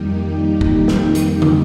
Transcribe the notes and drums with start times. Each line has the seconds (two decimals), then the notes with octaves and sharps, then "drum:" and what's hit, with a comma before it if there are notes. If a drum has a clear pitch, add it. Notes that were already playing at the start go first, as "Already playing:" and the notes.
Already playing: F2 D#3 G3 A#3 D#4 G4
0.21 D#4
0.61 D#4, drum: kick
0.88 drum: snare
1.15 drum: hi-hat
1.42 drum: tom